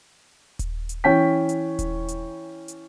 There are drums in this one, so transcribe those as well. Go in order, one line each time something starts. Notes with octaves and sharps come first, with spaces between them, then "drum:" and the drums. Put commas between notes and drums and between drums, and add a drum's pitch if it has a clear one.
drum: kick D#1, hi-hat
drum: hi-hat
E3 C#4 G5 B6
drum: hi-hat
drum: kick D#1, hi-hat
drum: hi-hat
drum: hi-hat